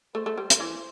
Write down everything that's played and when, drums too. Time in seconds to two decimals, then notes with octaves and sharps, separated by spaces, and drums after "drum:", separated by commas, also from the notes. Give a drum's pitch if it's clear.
0.14 A3 C5
0.26 A3
0.37 G3
0.50 drum: hi-hat
0.60 E3